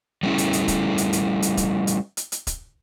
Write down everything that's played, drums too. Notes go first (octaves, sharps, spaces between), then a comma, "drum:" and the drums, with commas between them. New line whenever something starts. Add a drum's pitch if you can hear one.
G3 A3 C#4 E4
drum: hi-hat
drum: hi-hat
drum: kick, hi-hat
drum: hi-hat
drum: hi-hat
drum: hi-hat
drum: kick, hi-hat
drum: hi-hat
drum: hi-hat
drum: hi-hat
drum: kick, hi-hat